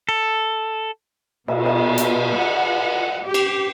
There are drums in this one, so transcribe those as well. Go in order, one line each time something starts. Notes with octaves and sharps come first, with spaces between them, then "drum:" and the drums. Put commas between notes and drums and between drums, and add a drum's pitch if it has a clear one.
A4
B2, drum: cymbal
drum: cymbal
drum: hi-hat
F#5
G4
drum: cymbal